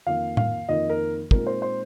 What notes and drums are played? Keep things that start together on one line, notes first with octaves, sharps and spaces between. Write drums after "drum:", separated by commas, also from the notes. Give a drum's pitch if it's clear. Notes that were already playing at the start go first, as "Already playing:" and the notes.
F2 D#3 A#3 D#4 F5
F5, drum: tom A2
F2 D#3 A#3 D#4 D#5
A#4
A#2 G#3 C4 D#4 A#4, drum: kick
C5
C5